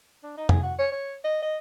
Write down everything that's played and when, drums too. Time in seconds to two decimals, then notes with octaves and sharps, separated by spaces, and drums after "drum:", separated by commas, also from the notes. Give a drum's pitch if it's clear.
0.23 D4
0.37 D#4
0.49 G#4, drum: tom
0.63 F#4
0.79 C#5
0.92 C#5
1.24 D#5
1.42 D#5